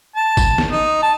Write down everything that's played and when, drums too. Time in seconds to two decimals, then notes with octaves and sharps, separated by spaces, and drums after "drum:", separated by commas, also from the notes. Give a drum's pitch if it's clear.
0.16 A5
0.37 drum: kick G1, tambourine
0.58 drum: snare
0.72 D#4
1.02 A5